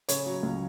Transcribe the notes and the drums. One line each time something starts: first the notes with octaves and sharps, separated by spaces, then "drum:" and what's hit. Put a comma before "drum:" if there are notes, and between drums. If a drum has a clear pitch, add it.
C#3 C#5, drum: hi-hat
F#3
C#2